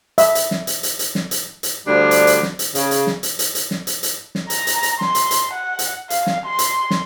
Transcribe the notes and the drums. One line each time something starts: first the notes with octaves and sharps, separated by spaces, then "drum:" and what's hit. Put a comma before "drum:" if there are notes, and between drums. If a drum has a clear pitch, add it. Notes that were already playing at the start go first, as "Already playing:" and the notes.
E5, drum: hi-hat
drum: hi-hat
drum: snare
drum: hi-hat
drum: hi-hat
drum: hi-hat
drum: snare
drum: hi-hat
drum: hi-hat
D2 F3 G3 D4
drum: hi-hat
drum: hi-hat
drum: snare
drum: hi-hat
C#3, drum: hi-hat
drum: hi-hat
drum: snare
drum: hi-hat
drum: hi-hat
drum: hi-hat
drum: snare
drum: hi-hat
drum: hi-hat
drum: snare
A#5, drum: hi-hat
drum: hi-hat
drum: hi-hat
C6, drum: snare
drum: hi-hat
drum: hi-hat
F#5
drum: hi-hat
F5, drum: hi-hat
drum: snare
C6
drum: hi-hat
drum: snare